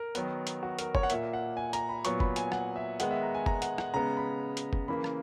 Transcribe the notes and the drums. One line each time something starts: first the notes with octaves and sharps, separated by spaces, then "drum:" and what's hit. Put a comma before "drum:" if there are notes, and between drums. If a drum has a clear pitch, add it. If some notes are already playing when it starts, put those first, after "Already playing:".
Already playing: A#4
D#3 F#3 B3, drum: hi-hat
drum: hi-hat
F#4
A#4, drum: hi-hat
C#5, drum: kick F#1
F#5
A#2 A#3 E5, drum: hi-hat
F#5
G#5
A#5, drum: hi-hat
B5
A#2 F#3 B3 C#6, drum: hi-hat
B5, drum: kick F#1
G#5, drum: hi-hat
F#5, drum: rim click
E5
D#3 G#3 B3 F#5, drum: hi-hat
E5
A#5
G#5
A#5, drum: kick F#1
F#5, drum: hi-hat
F#5, drum: rim click
C#3 G#3 B3 A#5
B5
drum: hi-hat
drum: kick F#1
C#3 E3 A#3 B5
drum: rim click